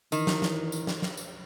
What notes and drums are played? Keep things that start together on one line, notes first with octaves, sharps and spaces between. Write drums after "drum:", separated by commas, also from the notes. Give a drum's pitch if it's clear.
D#3 E3, drum: tambourine
drum: snare
drum: snare
drum: tambourine
drum: snare
drum: snare
drum: tambourine